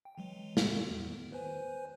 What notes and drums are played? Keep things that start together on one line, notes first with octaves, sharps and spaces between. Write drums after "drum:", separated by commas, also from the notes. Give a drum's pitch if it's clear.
G5
E3 F#3 G#3
G3 F#4, drum: snare
E2
D#3 B3
B4 C5 G#5